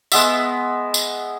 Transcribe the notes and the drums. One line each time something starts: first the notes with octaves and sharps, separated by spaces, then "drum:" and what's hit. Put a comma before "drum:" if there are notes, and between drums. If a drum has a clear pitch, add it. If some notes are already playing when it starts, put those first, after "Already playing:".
G#3 B3 E5, drum: tambourine
drum: tambourine